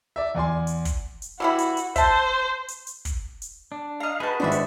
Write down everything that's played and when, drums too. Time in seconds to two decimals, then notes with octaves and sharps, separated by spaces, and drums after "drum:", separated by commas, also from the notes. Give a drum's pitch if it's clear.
0.16 D5 E5
0.35 E2 D5 G#5 C6
0.67 drum: hi-hat
0.85 drum: kick, hi-hat
1.22 drum: hi-hat
1.40 E3 G3 E4 F#4
1.59 drum: hi-hat
1.77 drum: hi-hat
1.96 C5 E5 A5, drum: kick, hi-hat
2.68 drum: hi-hat
2.87 drum: hi-hat
3.05 drum: kick, hi-hat
3.42 drum: hi-hat
3.72 D4
4.00 D#5 F5 A#5
4.20 D#4 F#4 G#4 B4 A5
4.40 G#1 D4 C5 D5 E5
4.52 drum: hi-hat